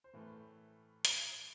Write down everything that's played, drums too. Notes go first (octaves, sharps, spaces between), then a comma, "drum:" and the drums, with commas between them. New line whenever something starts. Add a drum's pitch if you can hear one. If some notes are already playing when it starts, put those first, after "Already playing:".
C5
A2 E3 A3 A#4
drum: hi-hat